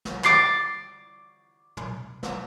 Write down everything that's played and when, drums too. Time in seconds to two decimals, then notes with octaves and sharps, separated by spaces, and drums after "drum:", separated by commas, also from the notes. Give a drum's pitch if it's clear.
0.05 drum: snare
0.24 D6 A6 C7, drum: clap
1.77 drum: tom
2.23 drum: snare